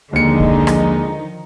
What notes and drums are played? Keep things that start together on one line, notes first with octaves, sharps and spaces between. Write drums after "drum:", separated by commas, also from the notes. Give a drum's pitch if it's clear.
D#2 D3 D#3 F3 G#3 D#4 C#7
drum: kick
drum: rim click